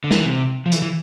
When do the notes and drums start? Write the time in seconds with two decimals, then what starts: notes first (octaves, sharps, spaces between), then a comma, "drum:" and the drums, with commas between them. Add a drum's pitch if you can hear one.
0.04 D3
0.11 E3, drum: snare
0.26 C3
0.66 F3
0.72 E3, drum: hi-hat
0.82 E3